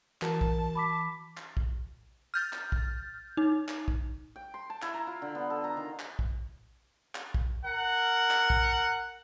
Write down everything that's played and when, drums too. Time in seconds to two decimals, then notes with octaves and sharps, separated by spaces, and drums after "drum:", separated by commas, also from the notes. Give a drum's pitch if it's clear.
0.22 E3 F#4 A#4 A5, drum: clap
0.41 drum: kick
0.75 B5 D6 B6
1.37 drum: clap
1.57 drum: kick
2.34 F6 G6 A6
2.53 drum: clap
2.72 drum: kick
3.37 D#4
3.69 drum: clap
3.88 drum: kick
4.36 G5
4.54 C6
4.70 A5
4.82 E4, drum: clap
4.94 A#5
5.07 F4
5.22 D3
5.35 B3
5.50 A4
5.64 A#5
5.77 D#3
6.00 drum: clap
6.19 drum: kick
7.15 drum: clap
7.34 drum: kick
7.65 A#4 F#5
8.31 drum: clap
8.50 drum: kick